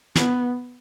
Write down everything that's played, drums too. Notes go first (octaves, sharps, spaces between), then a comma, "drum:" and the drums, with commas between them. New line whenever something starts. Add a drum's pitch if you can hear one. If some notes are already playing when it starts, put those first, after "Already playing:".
B3, drum: snare